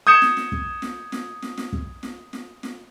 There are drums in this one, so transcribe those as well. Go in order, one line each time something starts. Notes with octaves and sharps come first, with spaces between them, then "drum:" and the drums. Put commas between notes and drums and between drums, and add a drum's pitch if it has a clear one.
D#6 G6 G#6 C#7 E7
drum: snare
drum: snare
drum: kick
drum: snare
drum: snare
drum: snare
drum: snare
drum: kick
drum: snare
drum: snare
drum: snare